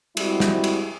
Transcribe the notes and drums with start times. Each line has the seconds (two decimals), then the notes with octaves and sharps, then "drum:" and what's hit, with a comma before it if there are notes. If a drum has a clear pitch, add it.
0.17 G3 G#3 C4 E4 F#4, drum: cymbal
0.40 drum: snare
0.64 drum: cymbal